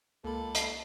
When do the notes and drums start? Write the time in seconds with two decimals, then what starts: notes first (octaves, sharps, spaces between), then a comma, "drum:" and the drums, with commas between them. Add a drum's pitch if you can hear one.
0.24 C#2 A#3 A4 B5
0.55 C7, drum: hi-hat